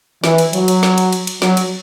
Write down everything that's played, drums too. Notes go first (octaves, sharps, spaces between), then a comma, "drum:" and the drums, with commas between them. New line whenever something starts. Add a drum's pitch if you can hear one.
E3, drum: snare
drum: cymbal
F#3, drum: cymbal
drum: cymbal
drum: snare
drum: cymbal
drum: cymbal
drum: cymbal
F#3, drum: snare
drum: cymbal